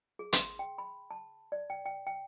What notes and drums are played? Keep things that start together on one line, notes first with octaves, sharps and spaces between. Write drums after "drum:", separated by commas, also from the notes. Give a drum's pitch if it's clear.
G#4
C6, drum: hi-hat
G5
B5
A5
D5
G5
G5
G5